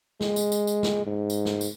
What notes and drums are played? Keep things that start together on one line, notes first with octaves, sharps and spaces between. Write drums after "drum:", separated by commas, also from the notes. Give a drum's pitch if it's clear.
G#3, drum: snare
drum: tambourine
drum: tambourine
drum: tambourine
drum: snare
G#2
drum: tambourine
drum: snare
drum: tambourine